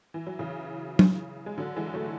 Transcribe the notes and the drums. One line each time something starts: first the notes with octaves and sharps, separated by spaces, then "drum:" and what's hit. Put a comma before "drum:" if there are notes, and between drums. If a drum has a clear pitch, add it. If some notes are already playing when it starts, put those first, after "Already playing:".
E3
F#3
C#3 E3
drum: tom
G#3
D3 F#3
E3 G#3
F#3 A3